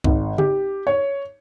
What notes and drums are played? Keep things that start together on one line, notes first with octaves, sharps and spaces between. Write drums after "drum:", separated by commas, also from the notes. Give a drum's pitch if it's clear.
G#1, drum: kick C2
G4, drum: tom C#3
C#5